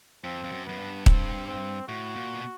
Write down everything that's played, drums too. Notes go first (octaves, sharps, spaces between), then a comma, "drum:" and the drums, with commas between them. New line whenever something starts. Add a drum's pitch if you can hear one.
F2 C4
F2
F#2
F#2 B3
G2
C4, drum: kick
C4
A2 F#4
A#2
B2